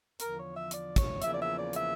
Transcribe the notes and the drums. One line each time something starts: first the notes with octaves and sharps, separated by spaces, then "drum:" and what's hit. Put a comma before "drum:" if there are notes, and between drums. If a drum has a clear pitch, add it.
E2 D3 F3 A#4, drum: hi-hat
C#5
E5
D5, drum: hi-hat
C#5, drum: kick, hi-hat
E2 C#3 F3 A#3 E5, drum: hi-hat
D5
E5
D5
E5, drum: hi-hat